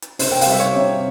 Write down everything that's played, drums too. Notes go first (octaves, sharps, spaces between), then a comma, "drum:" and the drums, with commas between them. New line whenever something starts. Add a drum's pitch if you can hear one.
drum: hi-hat
C3 C5, drum: open hi-hat
G5
F5, drum: open hi-hat
G3 E5
C#5
C3